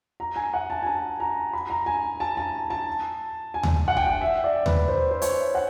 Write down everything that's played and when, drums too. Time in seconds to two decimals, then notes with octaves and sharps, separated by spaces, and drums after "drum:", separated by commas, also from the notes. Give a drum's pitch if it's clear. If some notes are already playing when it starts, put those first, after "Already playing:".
0.20 A#5
0.36 G#5
0.54 F#5
0.70 A5
0.82 G#5
0.86 A5
1.20 A#5
1.53 B5
1.70 A#5
1.86 G#5
2.20 A5
2.37 A5
2.70 A5
3.54 G#5
3.63 drum: tom D#2
3.88 F#5
3.97 G5, drum: kick
4.07 F#5
4.21 E5
4.44 D5
4.66 B4, drum: tom D#2
4.88 C5
5.11 C5
5.22 C#5, drum: hi-hat
5.55 F#5